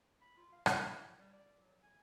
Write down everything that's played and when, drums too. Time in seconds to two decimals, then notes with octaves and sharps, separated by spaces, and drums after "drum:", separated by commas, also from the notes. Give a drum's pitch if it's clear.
0.21 B5
0.37 F4
0.52 F5
0.66 E5, drum: rim click
0.82 E4
1.18 G3
1.33 D5
1.59 F#3
1.83 G#5